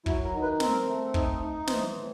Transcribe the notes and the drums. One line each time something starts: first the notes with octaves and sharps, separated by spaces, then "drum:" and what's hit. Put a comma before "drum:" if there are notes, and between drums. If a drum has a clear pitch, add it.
F#3 E4, drum: kick
A#4
D#3
B4
C4 A#4, drum: snare
A3
D#4, drum: kick
D#4
E3 C5, drum: snare
A2